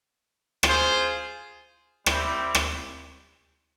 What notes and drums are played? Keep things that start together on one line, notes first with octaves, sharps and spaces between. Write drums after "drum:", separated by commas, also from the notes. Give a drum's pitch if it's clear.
F4 G#4 C5, drum: rim click
G3 C4 E4, drum: rim click
drum: rim click